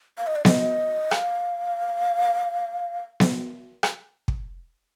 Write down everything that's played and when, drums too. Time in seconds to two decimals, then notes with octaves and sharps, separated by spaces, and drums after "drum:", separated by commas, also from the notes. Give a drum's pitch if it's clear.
0.18 F5
0.27 D#5
0.36 D5
0.45 D#5, drum: snare B3
1.11 F5, drum: rim click
3.20 drum: snare B3
3.83 drum: rim click
4.28 drum: kick